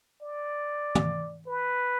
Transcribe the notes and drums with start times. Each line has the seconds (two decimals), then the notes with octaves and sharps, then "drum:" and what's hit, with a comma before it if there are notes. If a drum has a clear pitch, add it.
0.22 D5
0.95 drum: tom
1.48 B4